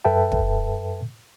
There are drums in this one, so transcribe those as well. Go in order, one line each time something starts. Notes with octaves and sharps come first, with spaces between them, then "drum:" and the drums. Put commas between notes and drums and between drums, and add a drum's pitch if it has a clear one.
F#2 A4 B4 E5 G5 A5
drum: kick